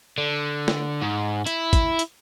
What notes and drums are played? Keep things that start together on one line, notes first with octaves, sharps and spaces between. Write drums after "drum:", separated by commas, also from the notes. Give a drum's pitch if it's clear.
D3
drum: snare
G#2
E4, drum: hi-hat
drum: kick, hi-hat
drum: hi-hat